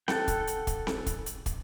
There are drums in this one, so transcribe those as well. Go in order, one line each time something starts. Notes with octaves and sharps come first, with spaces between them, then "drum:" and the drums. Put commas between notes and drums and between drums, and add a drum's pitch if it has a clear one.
A4 F#5 G5, drum: snare C4
drum: kick, hi-hat
drum: hi-hat
drum: kick, hi-hat
drum: snare C4
drum: kick, hi-hat
drum: hi-hat
drum: kick, hi-hat